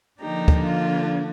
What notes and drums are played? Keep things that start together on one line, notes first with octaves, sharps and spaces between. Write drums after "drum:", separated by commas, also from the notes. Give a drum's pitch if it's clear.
D3 F3 A#3 D4 D#4 G4
drum: kick
F4